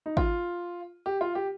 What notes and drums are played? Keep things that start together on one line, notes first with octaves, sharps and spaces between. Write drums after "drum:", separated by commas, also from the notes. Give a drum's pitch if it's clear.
D#4
F4, drum: kick G#1
G4
F4
G4